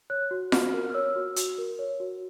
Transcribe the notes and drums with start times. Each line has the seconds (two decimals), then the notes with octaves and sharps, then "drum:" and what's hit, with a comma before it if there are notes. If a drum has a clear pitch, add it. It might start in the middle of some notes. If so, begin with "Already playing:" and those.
0.10 C#5 F#6
0.31 F#4
0.52 F#4 F6, drum: snare F4
0.74 A#4
0.90 F6
0.94 C#5 E6
1.15 F#4
1.36 F#4, drum: hi-hat
1.58 A#4
1.79 C#5
2.00 F#4